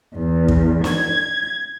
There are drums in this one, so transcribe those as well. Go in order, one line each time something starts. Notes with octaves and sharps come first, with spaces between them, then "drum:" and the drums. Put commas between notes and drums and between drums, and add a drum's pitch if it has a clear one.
E2
drum: kick
G#6, drum: snare